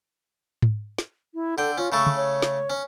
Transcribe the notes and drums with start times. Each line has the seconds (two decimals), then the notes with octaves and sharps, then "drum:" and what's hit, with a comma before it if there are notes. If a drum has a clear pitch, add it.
0.62 drum: tom G#2
0.98 drum: snare
1.34 E4
1.58 D3 A4 G5
1.78 C#4 F4
1.92 C#3 A3 A4 C#6
2.06 drum: tom C#3
2.16 C#5
2.42 drum: snare
2.70 C#4